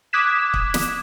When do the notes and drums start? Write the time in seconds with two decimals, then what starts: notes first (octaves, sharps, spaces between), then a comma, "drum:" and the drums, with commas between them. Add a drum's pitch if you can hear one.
0.13 D6 D#6 F#6 G#6 B6 E7
0.54 drum: kick
0.74 drum: snare